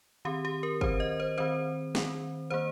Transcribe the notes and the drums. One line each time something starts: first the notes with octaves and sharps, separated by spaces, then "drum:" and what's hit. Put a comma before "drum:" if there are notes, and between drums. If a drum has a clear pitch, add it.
D#3 C4 G4
G4
A#4
D#3 C4 C5, drum: kick
D#5
C5
D#3 C4 C5
D#3 C4, drum: snare
D#3 A#3 C5